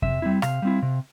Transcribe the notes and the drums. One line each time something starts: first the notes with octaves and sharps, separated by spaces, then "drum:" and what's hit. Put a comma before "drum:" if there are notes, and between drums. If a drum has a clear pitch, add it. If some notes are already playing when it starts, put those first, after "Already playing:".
C3 E5, drum: kick F2
G3 C4 E4
C3 F5, drum: rim click
G3 C4 E4
C3